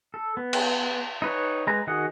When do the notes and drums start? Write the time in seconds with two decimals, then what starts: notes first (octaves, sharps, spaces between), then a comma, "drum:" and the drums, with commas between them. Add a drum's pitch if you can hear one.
0.14 A4
0.37 B3
0.53 drum: cymbal
1.22 D#4 B4 C#5
1.67 G#3 B4 A#5
1.87 D#3 F#4 G#4 D#5 F#5